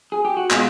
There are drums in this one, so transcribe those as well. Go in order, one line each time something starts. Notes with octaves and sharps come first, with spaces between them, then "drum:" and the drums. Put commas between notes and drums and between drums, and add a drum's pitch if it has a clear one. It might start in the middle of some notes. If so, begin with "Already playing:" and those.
G#4
G4
F#4
B2 G#3 F4, drum: clap